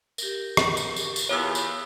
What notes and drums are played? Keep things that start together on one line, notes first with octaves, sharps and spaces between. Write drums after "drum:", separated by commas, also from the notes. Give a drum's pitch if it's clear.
G4 A#4, drum: tambourine
drum: rim click
drum: tambourine
drum: tambourine
drum: tambourine
E2 B3 F4 C#5 E6
drum: tambourine